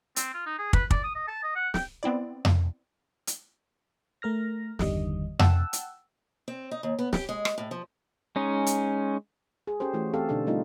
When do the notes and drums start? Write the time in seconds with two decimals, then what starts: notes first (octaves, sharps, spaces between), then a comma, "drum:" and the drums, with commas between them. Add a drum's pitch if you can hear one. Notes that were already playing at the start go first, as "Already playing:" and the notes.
0.16 C4, drum: hi-hat
0.34 F4
0.46 D#4
0.58 G#4
0.73 B4, drum: kick
0.91 D5, drum: kick
1.04 D#6
1.15 D#5
1.27 A5
1.43 D#5
1.55 F#5
1.74 G5, drum: snare
2.03 B3 C4 E4 D5
2.45 drum: tom F2
3.27 drum: hi-hat
4.22 A3 A#4 F6 A#6
4.79 G1 E2 D3 D#3 G3 D#5, drum: snare
5.39 F#5 G5 A5 E6, drum: tom F2
5.73 drum: hi-hat
6.48 C4
6.71 D#4
6.83 D#2
6.99 B3
7.13 G4, drum: snare
7.29 G#3
7.45 drum: rim click
7.58 A2
7.71 F3
8.36 G#3 C#4 D#4
8.66 drum: hi-hat
9.67 G#4
9.80 C#4 G4 A4 C5
9.94 E3 A3 F#4
10.14 C4 G4 A4 F5
10.29 B2 D3 D4 D#4 A4
10.47 G3 A3 C4 D#4 F4